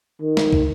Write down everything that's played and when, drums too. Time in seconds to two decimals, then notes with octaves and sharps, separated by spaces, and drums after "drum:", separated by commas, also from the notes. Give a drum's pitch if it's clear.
0.22 D#3
0.37 drum: snare
0.53 drum: kick